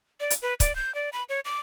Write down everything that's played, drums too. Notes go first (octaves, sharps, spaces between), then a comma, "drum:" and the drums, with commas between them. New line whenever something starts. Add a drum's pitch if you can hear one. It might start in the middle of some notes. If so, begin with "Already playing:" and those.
D5
drum: hi-hat
B4
D5, drum: kick, hi-hat
G6
D5
B5
C#5
D6